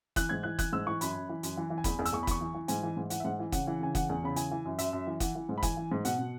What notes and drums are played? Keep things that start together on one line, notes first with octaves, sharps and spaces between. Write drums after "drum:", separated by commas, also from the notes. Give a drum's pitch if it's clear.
E3 F#6, drum: kick, hi-hat
G#2 G#6
E3 F#6
E3 F#6, drum: kick, hi-hat
G#2 E6
E3 C#6
F#2 B5, drum: hi-hat
F#2
E3
F#2, drum: hi-hat
E3
E3
G#5
E2 B5, drum: kick, hi-hat
E2
E6, drum: hi-hat
E2 C#6
B5
E3 C#6, drum: kick, hi-hat
E3
E3
G#2 G#5, drum: hi-hat
E3
G#2
E3 F#5, drum: hi-hat
E5
G#2 F#5
E3
C#3 F#5, drum: kick, hi-hat
E3
C#3 G#5
E3 F#5, drum: kick, hi-hat
E2
C#3 B5
E3 G#5, drum: hi-hat
E3
F#2
F#2 E5, drum: hi-hat
F#2
E3
E3 F#5, drum: kick, hi-hat
E3
G#2
B5
E3 G#5, drum: kick, hi-hat
E3
G#2
B2 F#5, drum: hi-hat
B2